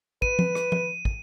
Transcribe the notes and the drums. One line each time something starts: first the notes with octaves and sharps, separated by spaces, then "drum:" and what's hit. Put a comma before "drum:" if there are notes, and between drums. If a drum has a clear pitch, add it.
B4 D#7, drum: kick
drum: tom F3
drum: rim click
drum: tom F3
drum: kick